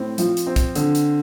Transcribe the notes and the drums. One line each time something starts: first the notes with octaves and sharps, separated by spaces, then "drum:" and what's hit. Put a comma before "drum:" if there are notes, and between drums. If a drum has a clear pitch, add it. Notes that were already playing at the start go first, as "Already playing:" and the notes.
Already playing: A2 C4
F3, drum: hi-hat
drum: hi-hat
C4
drum: kick, hi-hat
D3, drum: hi-hat
drum: hi-hat